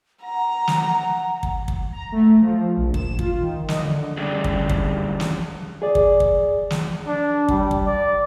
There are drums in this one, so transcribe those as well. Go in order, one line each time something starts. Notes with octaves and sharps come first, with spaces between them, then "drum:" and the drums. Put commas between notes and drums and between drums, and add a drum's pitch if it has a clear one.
F#5 A#5
drum: snare
drum: kick
drum: kick
A#5
A3
F3
A#1
E7, drum: kick
F4, drum: kick
D#3
D#5, drum: snare
D3
D3 G3 C#4 G4 G#4 D5
drum: kick
drum: kick
drum: snare
G#4 D5
drum: kick
drum: kick
drum: snare
D4
G3, drum: kick
drum: kick
D5